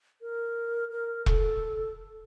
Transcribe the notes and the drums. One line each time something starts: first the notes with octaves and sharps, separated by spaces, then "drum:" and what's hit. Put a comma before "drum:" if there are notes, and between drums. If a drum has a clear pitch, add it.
A#4
A#4
A4, drum: kick E1